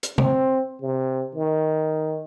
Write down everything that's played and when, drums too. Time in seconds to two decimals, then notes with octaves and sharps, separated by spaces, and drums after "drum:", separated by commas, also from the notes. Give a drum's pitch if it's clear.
0.03 drum: hi-hat
0.18 C4, drum: tom
0.82 C3
1.35 D#3